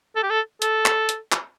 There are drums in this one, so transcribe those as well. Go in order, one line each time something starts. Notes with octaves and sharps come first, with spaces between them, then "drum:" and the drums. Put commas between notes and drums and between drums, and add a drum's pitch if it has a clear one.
A4
G4
A4
A4, drum: hi-hat
drum: clap
drum: hi-hat
drum: clap